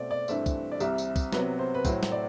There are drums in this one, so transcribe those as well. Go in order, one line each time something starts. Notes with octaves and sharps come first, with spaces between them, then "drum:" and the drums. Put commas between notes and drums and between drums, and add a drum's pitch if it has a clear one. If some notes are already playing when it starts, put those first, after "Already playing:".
Already playing: B2 A3 C4 D5
D5
G2 E3 A3 C4 E5, drum: tambourine
drum: kick, tambourine
D5
C2 C3 G3 E5, drum: tambourine
drum: tambourine
drum: kick, tambourine
C3 F#3 B3 B4, drum: snare
C5
B4
A2 F#3 A3 C4 C5, drum: kick, tambourine
drum: snare
D5